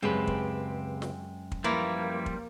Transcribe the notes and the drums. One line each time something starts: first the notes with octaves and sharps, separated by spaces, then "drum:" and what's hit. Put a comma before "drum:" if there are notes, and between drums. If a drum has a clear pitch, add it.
C#2 F#2 G#3 C4 G4 B4 G5
drum: kick
drum: snare
drum: kick
F3 G3 A#3 E4 B4
drum: kick